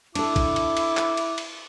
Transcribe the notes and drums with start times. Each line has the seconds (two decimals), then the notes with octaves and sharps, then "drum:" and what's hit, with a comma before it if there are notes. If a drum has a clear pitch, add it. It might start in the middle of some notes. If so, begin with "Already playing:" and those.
0.15 D4 E4 A4 D6, drum: cymbal
0.36 drum: kick, cymbal
0.56 drum: cymbal
0.77 drum: cymbal
0.97 drum: clap
1.17 drum: cymbal
1.38 drum: cymbal